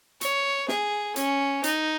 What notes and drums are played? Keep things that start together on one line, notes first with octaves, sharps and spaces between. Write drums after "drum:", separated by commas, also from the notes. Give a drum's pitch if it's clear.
C#5, drum: hi-hat
G#4, drum: snare
C#4, drum: hi-hat
D#4, drum: hi-hat